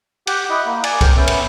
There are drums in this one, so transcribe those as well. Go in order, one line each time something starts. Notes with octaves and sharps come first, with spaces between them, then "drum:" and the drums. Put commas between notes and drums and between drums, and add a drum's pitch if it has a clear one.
G4 F#5 G5, drum: cymbal
E4 D#5 F#5
A#3
D5 G#5, drum: cymbal
A#4 C5 G5 A#5, drum: kick C2, cymbal
B3 C#4 E5
drum: cymbal